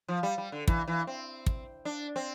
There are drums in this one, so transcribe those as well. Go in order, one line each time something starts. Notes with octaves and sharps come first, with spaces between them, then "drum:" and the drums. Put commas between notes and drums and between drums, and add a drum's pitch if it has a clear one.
F3
G3
G3
D3
E3, drum: kick
E3
C4
drum: kick
D4
C4